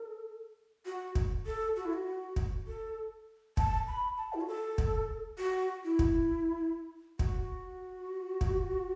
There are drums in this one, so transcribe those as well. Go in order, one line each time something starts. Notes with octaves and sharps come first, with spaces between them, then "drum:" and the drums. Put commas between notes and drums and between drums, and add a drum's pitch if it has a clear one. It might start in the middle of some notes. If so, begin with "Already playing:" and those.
Already playing: A4
F#4
drum: kick
A4
F#4
E4
F#4
drum: kick
A4
A5, drum: kick
B5
A5
E4
F#4
A4
drum: kick
F#4
E4
drum: kick
F#4, drum: kick
drum: kick